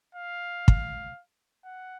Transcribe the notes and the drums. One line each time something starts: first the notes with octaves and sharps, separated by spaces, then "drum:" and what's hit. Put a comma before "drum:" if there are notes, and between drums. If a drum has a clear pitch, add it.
F5
drum: kick
F#5